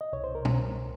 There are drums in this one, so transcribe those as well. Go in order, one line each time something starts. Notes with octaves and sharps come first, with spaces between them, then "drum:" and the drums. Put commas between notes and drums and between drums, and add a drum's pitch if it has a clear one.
D#5
C2 C#5
C5
A#4
drum: tom